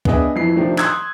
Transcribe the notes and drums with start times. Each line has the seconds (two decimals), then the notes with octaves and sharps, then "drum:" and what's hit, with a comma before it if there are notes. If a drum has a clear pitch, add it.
0.05 B3 D4 G#4 D#5 E5 G5, drum: kick
0.36 F2 E3 C7
0.55 C3 D#3 F3 A3 D4
0.78 C6 D#6 E6 F#6 G#6, drum: clap